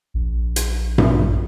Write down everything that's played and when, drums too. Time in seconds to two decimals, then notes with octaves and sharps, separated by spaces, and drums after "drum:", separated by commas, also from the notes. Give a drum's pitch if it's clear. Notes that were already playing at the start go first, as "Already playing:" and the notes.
0.14 A#1
0.56 drum: hi-hat
0.98 drum: tom G2